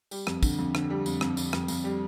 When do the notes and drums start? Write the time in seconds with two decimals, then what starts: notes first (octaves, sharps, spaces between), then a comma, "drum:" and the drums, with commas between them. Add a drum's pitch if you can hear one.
0.11 G3, drum: tambourine
0.27 F2, drum: rim click
0.43 D3, drum: kick, tambourine
0.59 F2
0.75 D3, drum: rim click
0.90 G3
1.06 F2, drum: tambourine
1.21 F2, drum: rim click
1.37 F2, drum: tambourine
1.53 F2, drum: rim click
1.68 F2, drum: tambourine
1.84 G3